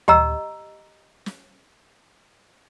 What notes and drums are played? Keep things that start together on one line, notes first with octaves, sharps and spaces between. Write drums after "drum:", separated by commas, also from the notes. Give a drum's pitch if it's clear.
G4 D#5 A#5 E6, drum: tom D2
drum: snare